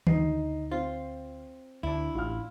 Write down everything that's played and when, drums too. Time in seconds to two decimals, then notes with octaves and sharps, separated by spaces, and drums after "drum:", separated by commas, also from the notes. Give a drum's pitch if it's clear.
0.07 D2 D#4 D#5 C7, drum: tom D#3
0.71 C4 F4
1.83 D2 D4 E4
2.15 A1 F4 F6